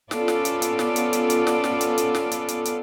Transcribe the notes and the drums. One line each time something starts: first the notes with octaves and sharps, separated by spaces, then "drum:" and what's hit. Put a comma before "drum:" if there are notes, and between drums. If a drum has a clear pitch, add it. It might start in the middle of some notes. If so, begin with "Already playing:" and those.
B3 C#4 F4 A4 D5, drum: snare
drum: snare
drum: hi-hat
drum: hi-hat
drum: snare
drum: hi-hat
drum: hi-hat
drum: hi-hat
drum: snare
drum: snare
drum: hi-hat
drum: hi-hat
drum: snare
drum: hi-hat
drum: hi-hat
drum: hi-hat